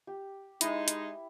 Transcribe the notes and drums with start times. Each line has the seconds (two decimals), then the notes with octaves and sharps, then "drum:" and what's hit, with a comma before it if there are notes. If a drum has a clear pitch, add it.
0.07 G4
0.61 G#3 D#4 E4, drum: hi-hat
0.88 drum: hi-hat